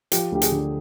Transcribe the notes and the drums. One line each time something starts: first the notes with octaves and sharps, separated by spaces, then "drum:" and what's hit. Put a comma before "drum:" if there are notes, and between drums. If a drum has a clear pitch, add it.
F3 G4, drum: hi-hat
D2 G4
G#4, drum: hi-hat
D3